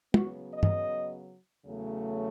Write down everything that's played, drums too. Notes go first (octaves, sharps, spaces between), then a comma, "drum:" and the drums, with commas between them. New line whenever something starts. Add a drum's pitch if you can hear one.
C#3 F#3 B3 F#4, drum: tom
D#5
drum: tom
E2 C#3 F#3 A3